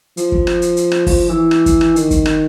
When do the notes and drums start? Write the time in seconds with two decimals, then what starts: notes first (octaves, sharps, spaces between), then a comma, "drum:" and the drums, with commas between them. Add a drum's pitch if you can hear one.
0.17 F3, drum: hi-hat
0.32 drum: kick
0.47 drum: rim click
0.62 drum: hi-hat
0.77 drum: hi-hat
0.92 drum: rim click
1.07 F3, drum: kick, open hi-hat
1.29 E3
1.51 drum: rim click
1.66 drum: kick, hi-hat
1.81 drum: rim click
1.96 D#3, drum: hi-hat
2.11 drum: kick, hi-hat
2.26 drum: rim click